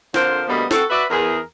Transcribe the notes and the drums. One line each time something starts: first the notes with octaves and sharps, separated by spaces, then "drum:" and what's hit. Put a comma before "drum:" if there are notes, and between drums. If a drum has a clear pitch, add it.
F2 D3 F3 A#4 C5, drum: snare
D2 B2 G3 A#3 B3 D#5
C4 F#4 A4, drum: snare
F#4 B4 D5 E5
E2 G#4 A#4